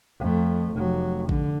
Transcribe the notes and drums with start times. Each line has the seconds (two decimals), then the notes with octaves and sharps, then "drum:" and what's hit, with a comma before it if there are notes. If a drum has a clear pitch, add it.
0.20 F2 A3
0.74 F1 F#3
1.29 D3, drum: kick A1